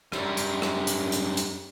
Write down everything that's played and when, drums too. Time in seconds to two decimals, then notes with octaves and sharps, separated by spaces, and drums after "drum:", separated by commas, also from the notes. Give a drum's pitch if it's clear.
0.12 F#2 G3, drum: rim click
0.37 drum: hi-hat
0.62 drum: rim click
0.87 drum: hi-hat
1.12 drum: hi-hat
1.37 drum: hi-hat